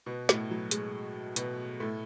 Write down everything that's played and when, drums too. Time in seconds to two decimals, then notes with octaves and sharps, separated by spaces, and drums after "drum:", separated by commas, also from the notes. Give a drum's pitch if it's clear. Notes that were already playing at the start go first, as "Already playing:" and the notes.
0.06 B2 B3
0.29 A2 A3, drum: snare
0.51 F#3
0.71 G#3, drum: hi-hat
1.36 B2 B3, drum: hi-hat
1.80 A2 A3